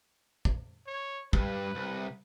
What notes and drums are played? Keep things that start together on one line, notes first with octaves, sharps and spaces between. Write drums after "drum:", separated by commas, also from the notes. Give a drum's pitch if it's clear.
drum: kick
C#5
G2 B4, drum: kick
C2